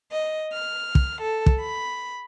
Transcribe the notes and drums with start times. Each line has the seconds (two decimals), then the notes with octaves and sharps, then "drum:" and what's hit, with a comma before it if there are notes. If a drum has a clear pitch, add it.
0.10 D#5
0.52 F6
0.95 drum: kick
1.21 A4
1.46 drum: kick
1.60 B5